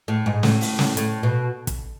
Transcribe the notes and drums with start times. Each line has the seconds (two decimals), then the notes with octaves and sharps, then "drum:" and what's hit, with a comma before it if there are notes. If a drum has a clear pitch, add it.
0.08 A2
0.26 G#2
0.43 A2, drum: snare
0.61 drum: open hi-hat
0.79 drum: snare
0.97 A2, drum: hi-hat
1.23 B2
1.67 drum: kick, hi-hat